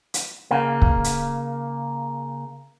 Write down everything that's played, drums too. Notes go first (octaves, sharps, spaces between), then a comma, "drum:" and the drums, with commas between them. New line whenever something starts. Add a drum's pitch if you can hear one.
drum: hi-hat
C#3 A#3
drum: kick
drum: hi-hat